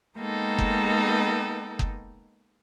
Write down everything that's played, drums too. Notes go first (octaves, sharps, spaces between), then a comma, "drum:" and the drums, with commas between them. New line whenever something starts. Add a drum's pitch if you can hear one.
G#3 A#3 B3 D#4 A4 G5
drum: kick F#1
drum: kick F#1